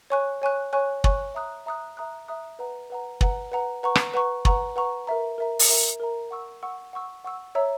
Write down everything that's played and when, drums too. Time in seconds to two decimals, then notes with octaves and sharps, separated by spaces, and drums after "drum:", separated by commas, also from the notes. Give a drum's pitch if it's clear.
0.10 C#5 G#5 C#6 F#6
0.42 C#5 G#5 C#6 F#6
0.73 C#5 G#5 C#6 F#6
1.04 C#5 G#5 C#6 F#6, drum: kick
1.35 E5 A#5 D#6 F#6
1.66 E5 A#5 D#6 F#6
1.97 E5 A#5 D#6 F#6
2.28 E5 A#5 D#6 F#6
2.59 B4 F#5 A#5
2.90 B4 F#5 A#5
3.21 B4 F#5 A#5, drum: kick
3.52 B4 F#5 A#5
3.83 B4 F#5 A#5 C#6
3.95 drum: rim click
4.14 B4 F#5 A#5 C#6
4.45 B4 F#5 A#5 C#6, drum: kick
4.76 B4 F#5 A#5 C#6
5.07 A#4 E5 A#5
5.38 A#4 E5 A#5
5.59 drum: open hi-hat
5.69 A#4 E5 A#5
6.00 A#4 E5 A#5
6.31 F#5 C#6 E6
6.63 F#5 C#6 E6
6.93 F#5 C#6 E6
7.24 F#5 C#6 E6
7.55 C#5 E5 A#5 E6